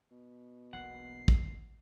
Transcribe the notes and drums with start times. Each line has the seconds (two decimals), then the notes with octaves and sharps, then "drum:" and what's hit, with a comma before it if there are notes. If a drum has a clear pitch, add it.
0.11 B2
0.73 E1 B1 A#3 F#5 C7
1.28 drum: kick